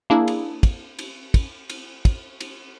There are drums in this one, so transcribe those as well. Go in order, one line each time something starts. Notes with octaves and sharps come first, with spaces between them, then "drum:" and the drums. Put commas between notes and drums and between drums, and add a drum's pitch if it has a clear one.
A#3 D4 E4 G#4
drum: cymbal
drum: kick, cymbal
drum: cymbal
drum: kick, cymbal
drum: cymbal
drum: kick, cymbal
drum: cymbal